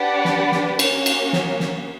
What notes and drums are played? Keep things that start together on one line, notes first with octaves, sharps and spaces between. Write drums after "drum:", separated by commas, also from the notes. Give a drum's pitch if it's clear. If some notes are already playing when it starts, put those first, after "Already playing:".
Already playing: D4 G4 B4 D5 F#5
drum: snare
drum: snare
A#3 C#4 F#4, drum: cymbal
drum: cymbal
drum: snare
drum: snare